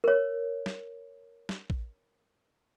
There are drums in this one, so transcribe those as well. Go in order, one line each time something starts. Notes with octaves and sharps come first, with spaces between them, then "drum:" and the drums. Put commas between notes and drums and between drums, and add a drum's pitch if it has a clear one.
A#4 C#5
drum: snare
drum: snare
drum: kick A#1